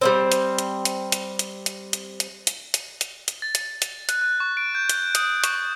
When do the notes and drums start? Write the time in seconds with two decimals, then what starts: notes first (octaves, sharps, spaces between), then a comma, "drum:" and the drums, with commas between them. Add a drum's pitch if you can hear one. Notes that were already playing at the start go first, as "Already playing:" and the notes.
0.01 G3 A#3 C4
0.32 drum: hi-hat
0.58 drum: hi-hat
0.85 drum: hi-hat
1.12 drum: hi-hat
1.39 drum: hi-hat
1.66 drum: hi-hat
1.93 drum: hi-hat
2.20 drum: hi-hat
2.47 drum: hi-hat
2.74 drum: hi-hat
3.01 drum: hi-hat
3.28 drum: hi-hat
3.42 A6
3.55 drum: hi-hat
3.82 drum: hi-hat
4.09 F#6, drum: hi-hat
4.21 F#6
4.40 C#6
4.57 D7
4.75 G6
4.89 drum: hi-hat
5.15 D#6, drum: hi-hat
5.44 C#6, drum: hi-hat